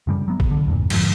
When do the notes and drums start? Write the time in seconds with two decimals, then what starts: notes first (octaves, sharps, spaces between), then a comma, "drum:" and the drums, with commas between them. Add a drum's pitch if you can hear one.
0.07 F#2 A2 C#3 G3
0.28 F#3 B3
0.40 drum: kick G#1
0.49 C2 D3
0.68 E2 G2 A#2
0.90 F2 G#2 D3 F3, drum: cymbal